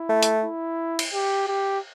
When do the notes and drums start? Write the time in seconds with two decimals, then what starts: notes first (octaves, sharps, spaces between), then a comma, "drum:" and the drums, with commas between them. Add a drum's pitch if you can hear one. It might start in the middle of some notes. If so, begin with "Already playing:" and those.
Already playing: E4
0.09 A3
0.23 drum: hi-hat
0.44 E4
0.99 drum: cymbal
1.13 G4
1.47 G4